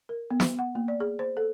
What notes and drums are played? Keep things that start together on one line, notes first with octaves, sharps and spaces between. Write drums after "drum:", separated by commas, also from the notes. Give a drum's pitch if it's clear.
A#4
B3
drum: snare
F#5
A#3
D5
G#4
C5
A4